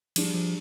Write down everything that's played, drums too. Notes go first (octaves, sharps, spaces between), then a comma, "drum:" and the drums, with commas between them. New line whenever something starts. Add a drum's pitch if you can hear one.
F3 G3 D4 G#4, drum: cymbal
F3